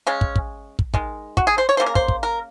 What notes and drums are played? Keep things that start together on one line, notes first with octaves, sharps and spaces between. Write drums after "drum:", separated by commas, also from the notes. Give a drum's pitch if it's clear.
C#3 G#3 C#4
drum: kick
drum: kick
drum: kick
D#3 G#3, drum: kick
F#4, drum: kick
G#4
C5
C#5
C#3 F#3 A#3 C5
A#4
C5, drum: kick
drum: kick
A#4